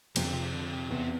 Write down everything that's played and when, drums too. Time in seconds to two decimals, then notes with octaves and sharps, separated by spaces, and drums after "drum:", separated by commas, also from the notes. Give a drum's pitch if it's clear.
0.16 F2 C3, drum: cymbal
0.24 D3
0.33 C3
0.53 D3
0.73 C3
0.90 E2 C3